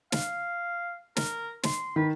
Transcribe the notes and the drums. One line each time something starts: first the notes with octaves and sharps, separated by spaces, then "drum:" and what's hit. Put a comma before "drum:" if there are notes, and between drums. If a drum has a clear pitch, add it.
F5, drum: snare
A#4, drum: snare
C6, drum: snare
D#3 B4